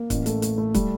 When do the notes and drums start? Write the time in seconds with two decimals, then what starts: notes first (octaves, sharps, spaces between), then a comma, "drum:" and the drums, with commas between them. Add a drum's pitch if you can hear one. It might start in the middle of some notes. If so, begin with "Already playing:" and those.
Already playing: A#3
0.10 A1, drum: kick, hi-hat
0.26 A3, drum: hi-hat
0.42 A3, drum: hi-hat
0.58 A3
0.74 G3, drum: kick, hi-hat